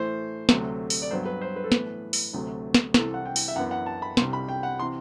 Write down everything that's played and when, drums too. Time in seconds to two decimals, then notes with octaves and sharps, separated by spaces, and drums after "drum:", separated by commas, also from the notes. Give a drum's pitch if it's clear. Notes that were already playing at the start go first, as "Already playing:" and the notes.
Already playing: A2 E3 A3 C5
0.49 D2 C3 F#3 A3, drum: snare
0.90 drum: open hi-hat
1.02 D5
1.11 G2 F#3 B3 C5
1.25 B4
1.41 C5
1.56 B4
1.64 A4
1.72 A2 E3 B3 B4, drum: snare
2.13 drum: open hi-hat
2.33 D2 C3 F#3 A3
2.74 drum: snare
2.94 C2 C3 E3 A4, drum: snare
3.14 F#5
3.26 G5
3.36 drum: open hi-hat
3.48 E5
3.56 F#2 E3 B3 F#5
3.71 F#5
3.86 A5
4.02 B5
4.17 C2 C3 G3 C6, drum: snare
4.33 B5
4.49 G5
4.63 F#5
4.79 C3 E3 C6